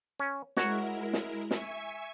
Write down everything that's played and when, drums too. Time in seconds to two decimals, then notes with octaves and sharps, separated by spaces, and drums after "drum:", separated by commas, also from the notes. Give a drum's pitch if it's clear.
0.20 C#4
0.57 G#3 E4 F#4 A#4 C#5, drum: snare
1.13 drum: snare
1.51 E5 G#5 C#6, drum: snare